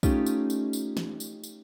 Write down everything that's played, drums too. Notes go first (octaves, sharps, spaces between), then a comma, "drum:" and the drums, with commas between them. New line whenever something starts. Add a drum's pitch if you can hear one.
A3 C#4 D#4 F4 G4, drum: kick, tambourine
drum: tambourine
drum: tambourine
drum: tambourine
drum: snare
drum: tambourine
drum: tambourine